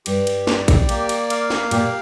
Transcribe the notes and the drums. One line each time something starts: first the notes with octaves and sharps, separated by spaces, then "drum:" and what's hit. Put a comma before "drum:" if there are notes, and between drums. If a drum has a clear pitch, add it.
G2 G4, drum: cymbal
drum: cymbal
D5, drum: snare
drum: kick A1, cymbal
A#3, drum: cymbal
drum: cymbal
F5, drum: cymbal
drum: snare
A#2 G4, drum: cymbal